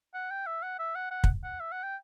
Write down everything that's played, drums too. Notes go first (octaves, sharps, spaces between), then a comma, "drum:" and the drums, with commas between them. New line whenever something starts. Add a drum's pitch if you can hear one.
F#5
G5
E5
F#5
E5
F#5
F#5
drum: kick
F#5
E5
F#5
G5